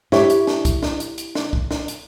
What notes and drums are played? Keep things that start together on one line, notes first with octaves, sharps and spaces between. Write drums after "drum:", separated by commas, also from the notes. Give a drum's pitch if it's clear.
E4 G4 C#5, drum: snare
drum: hi-hat
drum: snare
drum: kick C2, hi-hat
drum: snare
drum: hi-hat
drum: hi-hat
drum: snare
drum: kick C2
drum: snare
drum: hi-hat